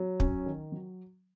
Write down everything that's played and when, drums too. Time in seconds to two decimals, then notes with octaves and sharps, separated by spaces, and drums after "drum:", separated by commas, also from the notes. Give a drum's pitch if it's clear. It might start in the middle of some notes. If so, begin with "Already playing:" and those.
Already playing: F#3
0.20 C#4, drum: kick
0.46 D#3
0.72 F#3